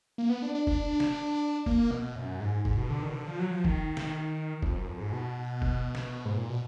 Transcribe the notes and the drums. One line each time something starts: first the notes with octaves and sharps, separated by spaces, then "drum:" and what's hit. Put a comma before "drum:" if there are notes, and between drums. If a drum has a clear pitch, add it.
A#3
B3
D4
D4
D4, drum: kick
drum: snare
A#3, drum: kick
B2
F#2
G#2
G#2, drum: kick
B2
D3
D#3
B2
D3
F3
F#3
F3
D#3, drum: kick
drum: snare
F2, drum: kick
F#2
F2
G#2
B2
drum: kick
drum: snare
G#2
A#2
B2